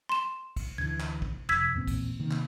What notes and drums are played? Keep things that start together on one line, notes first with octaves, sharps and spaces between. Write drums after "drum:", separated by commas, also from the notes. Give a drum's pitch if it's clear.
C6 E7
drum: kick, cymbal
D2 D3 E3 G#6
drum: clap
drum: kick
F1 E6 G#6 B6
E2 A#2 C4
drum: kick, cymbal
C3 D#3 A#3
drum: clap